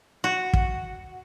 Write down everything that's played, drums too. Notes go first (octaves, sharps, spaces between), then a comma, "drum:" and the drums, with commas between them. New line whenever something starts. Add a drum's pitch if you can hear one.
F#4
drum: kick